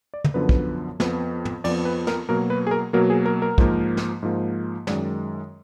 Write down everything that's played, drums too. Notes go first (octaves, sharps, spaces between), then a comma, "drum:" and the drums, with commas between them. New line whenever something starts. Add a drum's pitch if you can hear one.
D5
drum: tom
F#2 D3 F3 B3 B4
drum: kick
F2 F3 B3, drum: snare
drum: tom
F2 F3 B3 D5, drum: cymbal
B4
A#4, drum: snare
B2 F#3 A#3 A#4
B4
G#4
A#4
B2 F#3 A#3 A#4
G#4
A#4
A#4
G#2 F3 A#3, drum: kick
drum: snare
G#2 F3 A#3
F#2 D#3 G#3 D5, drum: snare